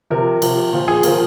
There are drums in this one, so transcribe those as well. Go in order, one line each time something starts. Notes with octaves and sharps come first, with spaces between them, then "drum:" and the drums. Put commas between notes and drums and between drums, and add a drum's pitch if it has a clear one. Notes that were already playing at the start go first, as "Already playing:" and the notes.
C3 F3 A#4
C3 F3, drum: cymbal
A#2 F3
G#4
A#2 F3 A#4, drum: cymbal